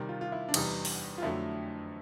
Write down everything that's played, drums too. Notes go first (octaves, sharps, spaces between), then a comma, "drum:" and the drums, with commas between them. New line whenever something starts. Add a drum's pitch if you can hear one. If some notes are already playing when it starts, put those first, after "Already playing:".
Already playing: C3 D#3 G3
F4
F4
E4
D4
E2 C3 E3 G3 D#4, drum: cymbal
drum: open hi-hat
F4
F2 D3 F#3 A3 E4